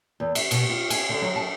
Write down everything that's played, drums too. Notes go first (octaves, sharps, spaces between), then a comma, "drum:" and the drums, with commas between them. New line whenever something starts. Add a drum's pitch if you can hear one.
E2
E5, drum: cymbal
B2, drum: cymbal
F4
G#5, drum: cymbal
D3
F#3
A5